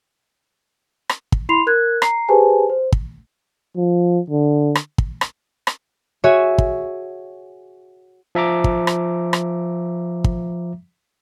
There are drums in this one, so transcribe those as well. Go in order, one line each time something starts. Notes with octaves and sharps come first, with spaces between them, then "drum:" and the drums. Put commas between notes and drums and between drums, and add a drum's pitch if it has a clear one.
drum: rim click
drum: kick
E4 B5 C6 C7 F7
A#4 F#6 G#6
A#5 C7, drum: rim click
G4 G#4 B4 C5 G#5 A5
C5
drum: kick
F3
D3
drum: rim click
drum: kick
drum: rim click
drum: rim click
F#4 G#4 C#5 E5
drum: kick
F3 E5 A#5 D6
drum: kick
drum: rim click
drum: rim click
drum: kick